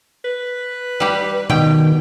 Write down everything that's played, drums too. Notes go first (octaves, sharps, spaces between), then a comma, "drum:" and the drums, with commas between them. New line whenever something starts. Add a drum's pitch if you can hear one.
B4
G3 G4
B2 D#3 G5, drum: tom B2